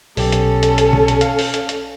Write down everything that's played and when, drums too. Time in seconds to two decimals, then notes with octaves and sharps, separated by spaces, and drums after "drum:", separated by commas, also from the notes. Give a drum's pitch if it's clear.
0.17 B1 B2 C#4 G4 A4, drum: open hi-hat
0.32 drum: hi-hat
0.63 drum: hi-hat
0.78 drum: hi-hat
0.93 drum: tom B2
1.08 drum: hi-hat
1.21 F5, drum: hi-hat
1.39 drum: open hi-hat
1.54 drum: hi-hat
1.69 drum: hi-hat